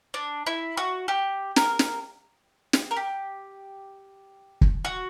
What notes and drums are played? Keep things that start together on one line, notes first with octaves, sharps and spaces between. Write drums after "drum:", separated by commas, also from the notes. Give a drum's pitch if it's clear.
D4
E4
F#4
G4
A#4, drum: snare
drum: snare
drum: snare
A#4
G4
drum: kick
F#4